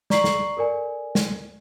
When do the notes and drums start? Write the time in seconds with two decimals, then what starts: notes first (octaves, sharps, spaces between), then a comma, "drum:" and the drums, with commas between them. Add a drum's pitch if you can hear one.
0.10 D5 A#5 C#6 B6 C7 F#7, drum: snare
0.24 drum: snare
0.57 A4 A#4 D5 G#5
1.15 drum: snare